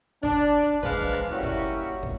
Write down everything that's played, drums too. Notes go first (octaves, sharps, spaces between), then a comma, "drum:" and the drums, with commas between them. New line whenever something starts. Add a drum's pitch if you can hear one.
D4, drum: kick
G#3 D4 B4 C5 D5 F5, drum: kick
drum: tom
drum: rim click
G3 A#3 C#4 E4 F#4
drum: kick
drum: kick